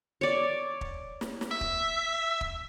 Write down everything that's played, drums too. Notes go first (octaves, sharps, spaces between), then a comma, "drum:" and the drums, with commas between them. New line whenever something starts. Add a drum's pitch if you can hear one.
C#5 D5
drum: kick
drum: snare
drum: snare
E5
drum: kick
drum: kick